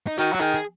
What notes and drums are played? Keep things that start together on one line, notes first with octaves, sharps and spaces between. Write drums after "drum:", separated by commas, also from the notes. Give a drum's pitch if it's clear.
D#4
D#3 F#4, drum: hi-hat
F#3 F#4
D#3 G#4
G#4